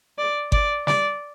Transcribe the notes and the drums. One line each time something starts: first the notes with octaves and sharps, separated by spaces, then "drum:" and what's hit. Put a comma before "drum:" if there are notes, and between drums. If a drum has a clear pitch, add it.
D5
D5, drum: kick G1
D5, drum: snare